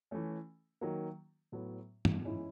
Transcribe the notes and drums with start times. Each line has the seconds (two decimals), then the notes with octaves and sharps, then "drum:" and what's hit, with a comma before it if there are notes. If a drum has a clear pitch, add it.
0.11 E3 A3 C#4
0.81 D#3 F#3 A#3
1.52 A2 F#3 B3
2.05 drum: tom
2.23 E3 G#3 C#4 E4